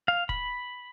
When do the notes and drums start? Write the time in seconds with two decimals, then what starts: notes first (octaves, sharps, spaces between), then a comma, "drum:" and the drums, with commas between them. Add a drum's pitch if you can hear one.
0.08 F5
0.29 B5, drum: kick